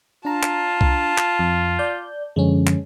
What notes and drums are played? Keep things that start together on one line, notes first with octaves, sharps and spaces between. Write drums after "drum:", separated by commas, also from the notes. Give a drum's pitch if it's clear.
D4 F4 A5 A#5
drum: clap
drum: kick C2
drum: clap
F2
D5 G6
F#2 D3 F3 G#3 C#4
drum: clap